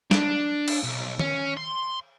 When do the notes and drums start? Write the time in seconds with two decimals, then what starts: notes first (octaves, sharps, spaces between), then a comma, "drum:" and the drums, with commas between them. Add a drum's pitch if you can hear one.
0.11 D4, drum: snare
0.68 drum: cymbal
0.83 B1
1.19 C#4, drum: tom D#3
1.57 C6